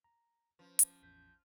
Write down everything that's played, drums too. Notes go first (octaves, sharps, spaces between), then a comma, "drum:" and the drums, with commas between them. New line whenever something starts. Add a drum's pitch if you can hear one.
A#5
F3 C#4 B4 C5
drum: hi-hat
A1 E2 G6 B6